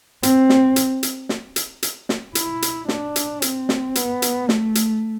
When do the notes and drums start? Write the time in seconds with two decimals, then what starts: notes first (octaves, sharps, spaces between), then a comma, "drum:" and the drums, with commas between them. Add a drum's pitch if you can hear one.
0.23 C4, drum: hi-hat
0.49 drum: snare
0.76 drum: hi-hat
1.03 drum: hi-hat
1.29 drum: snare
1.56 drum: hi-hat
1.83 drum: hi-hat
2.09 drum: snare
2.35 E4, drum: hi-hat
2.62 drum: hi-hat
2.88 D4, drum: snare
3.16 drum: hi-hat
3.42 C4, drum: hi-hat
3.69 drum: snare
3.95 B3, drum: hi-hat
4.22 drum: hi-hat
4.49 A3, drum: snare
4.75 drum: hi-hat